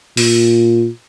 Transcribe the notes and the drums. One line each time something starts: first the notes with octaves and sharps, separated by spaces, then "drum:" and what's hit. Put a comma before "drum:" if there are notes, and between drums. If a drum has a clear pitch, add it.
A#2, drum: open hi-hat